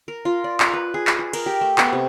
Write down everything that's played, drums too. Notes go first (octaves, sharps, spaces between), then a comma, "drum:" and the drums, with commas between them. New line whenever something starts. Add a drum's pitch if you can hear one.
A#4
F4
D5
A#5, drum: clap
B4
G#4
drum: clap
G#4
A#4, drum: cymbal
G4
A3
B3, drum: clap
C3